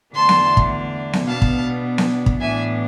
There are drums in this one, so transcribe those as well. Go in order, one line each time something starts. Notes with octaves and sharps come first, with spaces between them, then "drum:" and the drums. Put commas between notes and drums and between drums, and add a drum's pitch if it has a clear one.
E2 D3 A3 D4 A5 C6
drum: snare B3
drum: kick
drum: snare B3
B2 B3 D4 F5 A5
drum: kick
drum: snare B3
drum: kick
A2 E3 B3 D4 E5 G#5